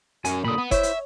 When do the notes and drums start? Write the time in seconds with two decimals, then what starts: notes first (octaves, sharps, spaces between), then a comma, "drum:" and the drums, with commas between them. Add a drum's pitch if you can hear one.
0.25 F#2 G#5, drum: hi-hat
0.44 A#2 D3 B5 D#6
0.58 B3
0.71 E4 C5 C#5 E5, drum: kick F#1, hi-hat
0.83 drum: hi-hat